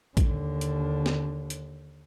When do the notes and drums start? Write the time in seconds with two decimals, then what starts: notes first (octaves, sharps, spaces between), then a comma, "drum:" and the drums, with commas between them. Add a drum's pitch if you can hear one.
0.17 D#2 D3, drum: kick A#1, hi-hat
0.61 drum: hi-hat
1.06 drum: snare
1.50 drum: hi-hat